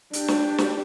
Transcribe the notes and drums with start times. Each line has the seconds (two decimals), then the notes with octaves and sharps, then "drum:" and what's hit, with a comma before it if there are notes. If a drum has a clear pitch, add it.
0.13 D4 G4, drum: hi-hat
0.28 drum: snare
0.58 drum: snare